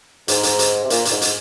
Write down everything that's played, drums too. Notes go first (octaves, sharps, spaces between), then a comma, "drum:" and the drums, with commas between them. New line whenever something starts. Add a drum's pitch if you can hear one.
G#2, drum: hi-hat
drum: hi-hat
drum: hi-hat
C3
A#2, drum: hi-hat
A#2, drum: hi-hat
G#2
drum: hi-hat